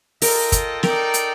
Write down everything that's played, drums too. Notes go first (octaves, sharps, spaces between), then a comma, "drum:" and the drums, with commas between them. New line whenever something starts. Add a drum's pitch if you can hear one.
F4 A4 A#4 D#5 G5, drum: open hi-hat
drum: kick, hi-hat
D#4 A4 A#4 D5 G5, drum: snare
drum: hi-hat